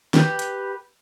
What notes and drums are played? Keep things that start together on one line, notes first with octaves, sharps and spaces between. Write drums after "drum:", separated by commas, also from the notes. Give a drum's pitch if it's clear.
G4 B4, drum: snare
drum: hi-hat